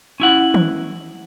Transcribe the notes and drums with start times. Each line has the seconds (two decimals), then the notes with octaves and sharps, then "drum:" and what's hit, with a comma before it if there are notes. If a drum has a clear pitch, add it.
0.20 C#4 E4 F#5
0.54 drum: tom D#3